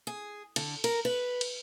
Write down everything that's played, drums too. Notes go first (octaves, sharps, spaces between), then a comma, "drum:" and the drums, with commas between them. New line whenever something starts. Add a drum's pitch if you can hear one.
G#4
D3, drum: cymbal
A#4, drum: cymbal
B4
drum: cymbal